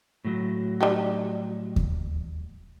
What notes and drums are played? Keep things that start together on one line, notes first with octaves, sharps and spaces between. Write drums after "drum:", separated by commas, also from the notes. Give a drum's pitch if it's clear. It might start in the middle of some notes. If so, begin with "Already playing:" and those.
A2 F#3
G3 D#4 G4
drum: kick D#2